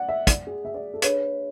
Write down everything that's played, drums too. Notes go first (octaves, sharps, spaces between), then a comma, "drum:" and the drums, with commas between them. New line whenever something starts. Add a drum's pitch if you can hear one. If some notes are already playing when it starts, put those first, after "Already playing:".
Already playing: D5 F#5
E5
D5, drum: kick, hi-hat
G#4
E5
D5
A4
D4 G#4 B4 C#5, drum: hi-hat